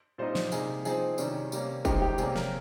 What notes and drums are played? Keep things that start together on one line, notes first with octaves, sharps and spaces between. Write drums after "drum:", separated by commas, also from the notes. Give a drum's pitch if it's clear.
A#2 G3 C4 D#4 C5
drum: snare
C3 G3 A#3 D#4 G#4, drum: tambourine
F3 C4 D#4 G#4, drum: tambourine
C3 D#3 G3 C#4, drum: tambourine
C3 G3 A#3 C#4, drum: tambourine
D#3 G#3 C4 D#4 G4, drum: kick, tambourine
G4
C3 G3 A#3 C#4 G#4, drum: tambourine
A#4, drum: snare